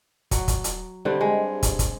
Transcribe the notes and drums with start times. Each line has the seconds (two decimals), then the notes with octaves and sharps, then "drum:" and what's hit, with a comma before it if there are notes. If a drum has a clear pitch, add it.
0.31 F#3, drum: kick, hi-hat
0.48 drum: kick, hi-hat
0.64 drum: hi-hat
1.05 G2 D3 G3 C4
1.21 G#3
1.63 drum: kick, hi-hat
1.79 drum: kick, hi-hat